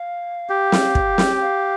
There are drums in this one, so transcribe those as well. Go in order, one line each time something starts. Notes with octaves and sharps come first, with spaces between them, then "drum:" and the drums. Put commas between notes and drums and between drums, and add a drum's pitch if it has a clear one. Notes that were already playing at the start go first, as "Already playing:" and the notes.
Already playing: F5
G4
drum: snare
drum: kick
drum: snare
G5
F5